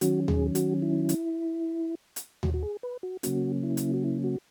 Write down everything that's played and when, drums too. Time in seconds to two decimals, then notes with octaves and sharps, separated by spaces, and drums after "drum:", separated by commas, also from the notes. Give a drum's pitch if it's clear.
0.01 D#3 F#3 C#4 F#4, drum: hi-hat
0.28 G#4, drum: tom D#2
0.55 F#4, drum: hi-hat
0.82 E4
1.09 drum: hi-hat
2.16 drum: hi-hat
2.43 F#4, drum: tom D#2
2.54 F#4
2.63 G#4
2.83 B4
3.03 F#4
3.23 C#3 F#3 A#3 C#4 F#4, drum: hi-hat
3.63 E4
3.77 drum: hi-hat
3.94 F#4
4.04 E4
4.24 F#4